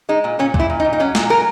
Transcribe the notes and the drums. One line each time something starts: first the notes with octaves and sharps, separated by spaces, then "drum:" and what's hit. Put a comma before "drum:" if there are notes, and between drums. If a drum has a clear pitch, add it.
G#3 D#4
A#2
A#2 C#4
A#2, drum: kick
E4
A#2
D#4
A#2
D#4
F#3 C#4
A#2, drum: snare
F#3 A#4